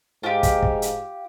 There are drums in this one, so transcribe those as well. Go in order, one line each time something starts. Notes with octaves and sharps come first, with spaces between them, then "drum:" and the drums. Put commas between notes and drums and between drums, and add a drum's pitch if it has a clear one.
G#2 F4 G4
drum: kick, hi-hat
drum: kick
drum: hi-hat